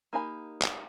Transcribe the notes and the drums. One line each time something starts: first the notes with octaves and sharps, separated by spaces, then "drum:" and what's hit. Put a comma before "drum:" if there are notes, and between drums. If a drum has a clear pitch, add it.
A#3 D#4 G4 G#5 B5
drum: clap